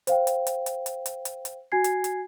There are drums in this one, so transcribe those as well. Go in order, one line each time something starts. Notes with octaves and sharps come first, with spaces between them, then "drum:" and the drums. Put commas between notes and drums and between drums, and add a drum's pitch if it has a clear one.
C5 F5 G5, drum: hi-hat
drum: hi-hat
drum: hi-hat
drum: hi-hat
drum: hi-hat
drum: hi-hat
drum: hi-hat
drum: hi-hat
F#4 G#5 G#6 C7
drum: hi-hat
drum: hi-hat